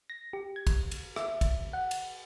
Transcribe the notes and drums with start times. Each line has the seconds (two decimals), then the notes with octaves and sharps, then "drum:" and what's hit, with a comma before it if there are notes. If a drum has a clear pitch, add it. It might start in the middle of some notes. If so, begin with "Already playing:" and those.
0.10 A#6
0.33 G4
0.56 G#6
0.67 drum: kick, cymbal
0.92 drum: cymbal
1.16 E5, drum: rim click
1.41 drum: kick, cymbal
1.73 F#5
1.91 drum: cymbal